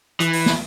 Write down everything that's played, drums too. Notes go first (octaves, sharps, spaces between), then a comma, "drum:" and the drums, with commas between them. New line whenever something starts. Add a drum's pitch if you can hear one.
E3, drum: hi-hat
drum: open hi-hat
drum: snare